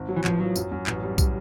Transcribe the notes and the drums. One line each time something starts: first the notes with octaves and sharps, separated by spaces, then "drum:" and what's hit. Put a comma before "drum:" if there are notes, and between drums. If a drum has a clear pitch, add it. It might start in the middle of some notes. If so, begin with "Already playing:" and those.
Already playing: G#1
F#3
E3
A1 F3, drum: clap
F3 F#3
F#2, drum: tambourine
F#2
A1, drum: clap
G3
drum: kick, tambourine